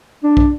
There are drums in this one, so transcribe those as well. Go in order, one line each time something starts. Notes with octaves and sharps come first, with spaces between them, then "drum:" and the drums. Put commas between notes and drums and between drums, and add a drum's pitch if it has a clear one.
D4
drum: kick